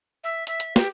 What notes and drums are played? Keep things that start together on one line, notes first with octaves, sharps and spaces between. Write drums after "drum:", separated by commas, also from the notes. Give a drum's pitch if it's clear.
E5
E5, drum: hi-hat
drum: hi-hat
G4, drum: snare